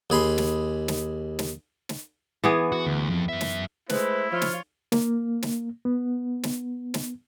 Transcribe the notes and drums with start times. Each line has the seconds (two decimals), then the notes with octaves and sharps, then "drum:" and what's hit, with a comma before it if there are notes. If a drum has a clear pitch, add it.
0.10 D#2 G#4 B5 C6
0.38 drum: snare
0.88 drum: snare
1.39 drum: snare
1.89 drum: snare
2.44 E3 B3 G#4
2.72 F#4
2.86 D2
3.10 F2
3.29 F#2 E5
3.41 drum: snare
3.89 G#3 A3 E4 B4 C5, drum: snare
4.32 F3 F4 C#5 F6
4.42 drum: snare
4.92 A#3, drum: snare
5.42 drum: snare
5.85 B3
6.43 drum: snare
6.94 drum: snare